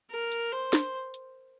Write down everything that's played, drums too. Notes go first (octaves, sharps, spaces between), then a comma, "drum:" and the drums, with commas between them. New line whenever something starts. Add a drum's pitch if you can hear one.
A#4
drum: hi-hat
C5
drum: snare
drum: hi-hat